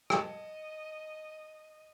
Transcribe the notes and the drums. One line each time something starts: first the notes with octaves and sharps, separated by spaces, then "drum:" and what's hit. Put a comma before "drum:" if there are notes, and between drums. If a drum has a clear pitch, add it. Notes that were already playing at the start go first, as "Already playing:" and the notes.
D#5 A5 G#6 C#7, drum: rim click